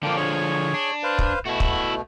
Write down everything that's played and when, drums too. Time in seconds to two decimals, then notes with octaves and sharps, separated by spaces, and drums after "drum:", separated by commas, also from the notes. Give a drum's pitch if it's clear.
0.03 D3 F3 A#3 D4 G5
0.17 G#4 C#5 C#6
0.74 D4
1.03 B4 C5 F5
1.19 drum: kick
1.45 B2 A3 E4 F#4
1.60 drum: kick